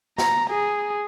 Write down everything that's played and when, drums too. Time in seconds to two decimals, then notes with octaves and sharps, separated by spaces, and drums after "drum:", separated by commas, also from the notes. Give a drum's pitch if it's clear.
0.18 A#5, drum: snare
0.50 G#4